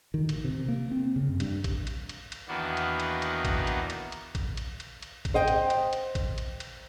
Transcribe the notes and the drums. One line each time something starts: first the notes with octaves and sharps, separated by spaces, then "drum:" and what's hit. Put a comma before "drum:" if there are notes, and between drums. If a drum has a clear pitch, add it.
D#3
A1, drum: cymbal
C3
A#3
C4
C#3
F#2
G2, drum: cymbal
drum: kick A1, cymbal
drum: cymbal
drum: cymbal
drum: cymbal
E2 D#3 A#3 B3 D4 F#4
drum: cymbal
drum: cymbal
drum: cymbal
drum: kick A1, cymbal
drum: cymbal
drum: cymbal
drum: cymbal
drum: kick A1, cymbal
drum: cymbal
drum: cymbal
drum: cymbal
drum: kick A1, cymbal
C5 D#5 G5
drum: cymbal
drum: cymbal
drum: cymbal
drum: kick A1, cymbal
drum: cymbal
drum: cymbal